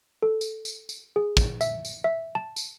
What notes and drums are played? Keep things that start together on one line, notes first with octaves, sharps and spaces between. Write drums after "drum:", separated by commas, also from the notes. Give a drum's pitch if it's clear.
A4
drum: tambourine
drum: tambourine
drum: tambourine
G#4
drum: kick, tambourine
E5, drum: tambourine
drum: tambourine
E5
A5
drum: tambourine